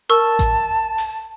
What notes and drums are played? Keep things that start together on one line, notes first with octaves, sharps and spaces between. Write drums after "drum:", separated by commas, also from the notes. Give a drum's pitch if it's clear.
A#4 A5 C#6 E6
drum: kick A1, hi-hat
drum: open hi-hat